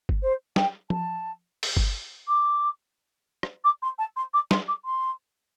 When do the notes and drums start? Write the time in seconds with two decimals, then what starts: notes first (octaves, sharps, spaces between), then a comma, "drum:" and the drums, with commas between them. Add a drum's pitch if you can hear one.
0.09 drum: kick G1
0.22 C5
0.56 G5, drum: snare
0.90 A5, drum: tom F3
1.63 drum: open hi-hat
1.77 drum: kick G1
2.28 D6
3.43 drum: rim click
3.64 D6
3.82 C6
3.98 A5
4.16 C6
4.33 D6
4.51 C6, drum: snare
4.68 D6
4.85 C6